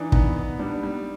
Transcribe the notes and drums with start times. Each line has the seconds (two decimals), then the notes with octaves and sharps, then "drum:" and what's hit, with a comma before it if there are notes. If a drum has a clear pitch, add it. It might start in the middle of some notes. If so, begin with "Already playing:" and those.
Already playing: E3 D4 D#4
0.12 B3 D#4, drum: kick
0.36 B3
0.59 G3 D4
0.83 G3